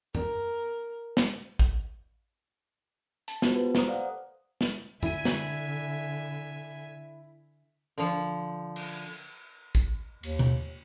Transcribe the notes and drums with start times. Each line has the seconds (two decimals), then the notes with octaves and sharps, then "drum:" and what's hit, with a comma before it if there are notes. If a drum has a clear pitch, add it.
0.15 A#4, drum: tom F#2
1.17 drum: snare
1.59 drum: kick A1
3.28 A5, drum: hi-hat
3.42 B3 F4 F#4 C5, drum: snare
3.55 G4 B4
3.75 A4 C5 A#5 D#6, drum: snare
3.87 C5 D5 F5 F#5
4.61 drum: snare
5.03 D3 E4 E5 G#5 D#7, drum: tom F#2
5.25 drum: snare
7.98 D3 F3
8.76 drum: cymbal
9.75 drum: kick A1
10.23 D#2, drum: cymbal
10.39 drum: tom B2